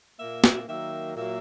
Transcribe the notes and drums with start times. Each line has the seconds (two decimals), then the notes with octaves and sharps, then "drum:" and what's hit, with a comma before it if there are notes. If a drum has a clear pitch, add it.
0.19 A#2 A#3 E5
0.44 drum: snare
0.68 D#3 F#3 A#3 E5
1.16 A#2 F#3 A#3 E5